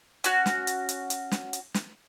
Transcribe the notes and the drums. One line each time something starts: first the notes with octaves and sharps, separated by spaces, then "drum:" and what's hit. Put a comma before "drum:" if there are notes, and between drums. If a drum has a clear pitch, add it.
C#4 F#4, drum: hi-hat
drum: snare
drum: hi-hat
drum: hi-hat
drum: hi-hat
drum: snare
drum: hi-hat
drum: snare